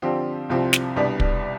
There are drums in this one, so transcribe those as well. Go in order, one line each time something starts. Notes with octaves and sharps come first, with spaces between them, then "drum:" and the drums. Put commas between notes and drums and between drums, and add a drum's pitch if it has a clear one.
D3 F3 C4 G4
C2 C3 F3 C4 G4
drum: snare
C2 B2 G3 B3 D4
drum: kick